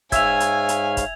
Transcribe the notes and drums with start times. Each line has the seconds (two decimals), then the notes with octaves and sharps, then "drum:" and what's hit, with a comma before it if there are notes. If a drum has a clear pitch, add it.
0.12 G#2 C#5 E5 F5 G#5 G#6 F7, drum: kick, hi-hat
0.40 drum: hi-hat
0.69 drum: hi-hat
0.97 drum: kick, hi-hat